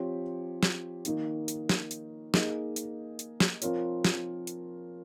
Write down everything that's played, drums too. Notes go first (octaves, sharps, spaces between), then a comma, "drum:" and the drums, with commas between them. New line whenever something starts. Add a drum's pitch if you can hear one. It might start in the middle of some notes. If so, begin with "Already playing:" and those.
Already playing: F3 C4 G4 C#5
drum: snare
D#3 A#3 D#4, drum: hi-hat
drum: hi-hat
drum: snare
drum: hi-hat
A#3 D#4 G#4 D#5, drum: snare
drum: hi-hat
drum: hi-hat
drum: snare
F3 C4 F4 A#4 C#5, drum: hi-hat
drum: snare
drum: hi-hat